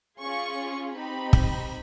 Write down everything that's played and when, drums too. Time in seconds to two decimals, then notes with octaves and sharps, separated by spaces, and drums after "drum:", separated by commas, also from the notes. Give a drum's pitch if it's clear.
0.20 C#4 F4 G#4 C#6
0.95 C4 D#4 G4 B5
1.33 drum: kick